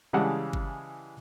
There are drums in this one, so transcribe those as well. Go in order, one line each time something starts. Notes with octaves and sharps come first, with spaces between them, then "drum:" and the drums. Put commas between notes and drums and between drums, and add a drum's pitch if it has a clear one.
C#3 E3 G3 G#3 F#5 A5
drum: kick G1